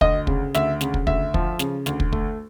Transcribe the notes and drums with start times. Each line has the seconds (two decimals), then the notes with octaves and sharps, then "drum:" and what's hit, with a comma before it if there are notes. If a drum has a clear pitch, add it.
0.01 D2 D#5, drum: kick
0.27 C#3, drum: kick
0.55 D2 E5, drum: snare
0.81 C#3, drum: snare
0.94 drum: kick
1.07 D2 E5, drum: kick
1.34 F3, drum: kick
1.59 C#3, drum: snare
1.86 D2, drum: snare
2.00 drum: kick
2.13 A3, drum: kick